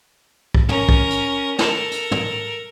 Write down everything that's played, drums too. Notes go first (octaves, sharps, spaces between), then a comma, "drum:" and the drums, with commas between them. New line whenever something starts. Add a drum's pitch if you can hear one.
drum: kick
C#4 A#4, drum: tom
drum: kick
drum: hi-hat
A4 A#4, drum: snare
drum: hi-hat
drum: tom